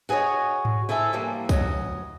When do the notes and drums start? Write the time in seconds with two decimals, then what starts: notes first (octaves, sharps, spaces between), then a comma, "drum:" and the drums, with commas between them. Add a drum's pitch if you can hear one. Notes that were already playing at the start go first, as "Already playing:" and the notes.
0.09 F#4 G#4 B4 C#5 D#5
0.65 drum: tom G#2
0.89 E4 G#4 A4 C5 E5
1.13 E3 F3 G3 A#3
1.49 D2 F#3 D#5, drum: kick C2, tambourine